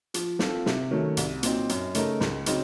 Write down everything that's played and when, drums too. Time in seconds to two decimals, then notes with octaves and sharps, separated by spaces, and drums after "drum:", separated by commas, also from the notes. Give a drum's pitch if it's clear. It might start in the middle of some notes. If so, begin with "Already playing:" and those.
0.14 F3, drum: hi-hat
0.39 C4 F4 A4, drum: snare
0.66 C3, drum: snare
0.91 D#3 F#3 A3 C#4
1.17 C2, drum: hi-hat
1.43 A#2 F#3 C4 D#4, drum: hi-hat
1.69 F#2, drum: hi-hat
1.95 C#3 A3 D#4 A#4, drum: hi-hat
2.20 C#2, drum: snare
2.46 C#3 F#3 C4 D#4, drum: hi-hat